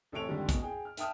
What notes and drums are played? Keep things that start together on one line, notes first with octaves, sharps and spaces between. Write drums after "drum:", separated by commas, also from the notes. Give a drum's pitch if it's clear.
A1 C3 A4 C#5 D7 F7
F2 G#2 D3 D#3 G3
E2 B2, drum: kick, hi-hat
G#4 G5
F6
E5 G5 A5 D#6 F6, drum: hi-hat